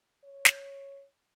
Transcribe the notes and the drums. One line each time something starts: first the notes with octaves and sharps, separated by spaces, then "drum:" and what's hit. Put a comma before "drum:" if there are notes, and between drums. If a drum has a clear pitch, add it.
C#5
drum: snare